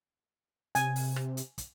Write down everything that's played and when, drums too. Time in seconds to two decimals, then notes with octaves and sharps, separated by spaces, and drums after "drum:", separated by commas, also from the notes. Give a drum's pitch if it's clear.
0.75 C3 G#5, drum: hi-hat
0.96 drum: open hi-hat
1.16 drum: rim click
1.37 drum: hi-hat
1.58 drum: kick, hi-hat